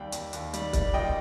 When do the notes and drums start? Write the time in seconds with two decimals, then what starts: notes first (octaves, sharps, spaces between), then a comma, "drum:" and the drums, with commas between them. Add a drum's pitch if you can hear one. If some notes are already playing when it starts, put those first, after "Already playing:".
Already playing: D#2 G3 G5
0.12 D#2, drum: hi-hat
0.33 D#2, drum: hi-hat
0.53 G3, drum: hi-hat
0.73 G3, drum: kick, hi-hat
0.94 A#2 D#5 G5